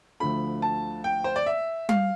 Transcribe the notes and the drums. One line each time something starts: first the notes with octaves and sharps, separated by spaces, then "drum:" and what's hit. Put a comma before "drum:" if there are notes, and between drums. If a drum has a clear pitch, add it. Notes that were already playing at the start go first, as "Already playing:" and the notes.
D2 D3 F3 A3 B5
A5
G5
C5
D5
E5
F5, drum: tom G3